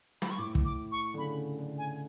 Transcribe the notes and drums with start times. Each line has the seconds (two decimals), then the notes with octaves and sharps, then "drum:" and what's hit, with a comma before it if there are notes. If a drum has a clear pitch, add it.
0.22 B5, drum: snare
0.31 C#6
0.38 A2 D6
0.55 drum: kick
0.65 D6
0.92 C#6
1.14 D3
1.18 C#3 B5
1.58 D3
1.78 G#5